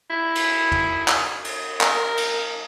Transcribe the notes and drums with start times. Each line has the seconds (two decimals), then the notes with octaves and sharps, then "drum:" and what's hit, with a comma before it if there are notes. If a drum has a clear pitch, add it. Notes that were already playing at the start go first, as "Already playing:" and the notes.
0.10 E4
0.35 drum: cymbal
0.72 drum: tom
1.08 drum: clap
1.44 drum: cymbal
1.81 A#4, drum: clap
2.17 drum: cymbal